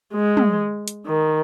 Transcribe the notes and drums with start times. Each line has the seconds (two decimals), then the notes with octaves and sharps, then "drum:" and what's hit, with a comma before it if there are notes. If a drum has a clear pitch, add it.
0.14 G#3
0.37 drum: tom
0.88 drum: hi-hat
1.06 D#3